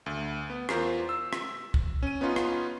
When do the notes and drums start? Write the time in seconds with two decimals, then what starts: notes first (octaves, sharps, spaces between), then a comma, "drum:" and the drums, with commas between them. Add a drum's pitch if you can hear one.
0.06 D2
0.50 B3
0.69 E2 F4 A#4 C5 C7, drum: rim click
1.09 E6
1.33 drum: rim click
1.74 drum: kick
2.03 C#4 D#7
2.21 B3 C#4 D#4 F4
2.36 drum: rim click